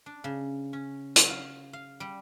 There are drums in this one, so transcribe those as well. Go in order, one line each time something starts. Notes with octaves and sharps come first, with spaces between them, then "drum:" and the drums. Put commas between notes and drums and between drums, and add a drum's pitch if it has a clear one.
D4
C#3
C#4
F#3, drum: hi-hat
F5
F5
G3